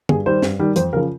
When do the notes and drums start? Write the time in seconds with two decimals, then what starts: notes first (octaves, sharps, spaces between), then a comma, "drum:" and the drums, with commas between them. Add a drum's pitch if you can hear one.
0.09 G2 G#4, drum: tom
0.26 D#3 G3 C5
0.42 G2, drum: snare
0.59 D#3 G3
0.76 F2 C5, drum: hi-hat
0.93 C#3 F3 A#4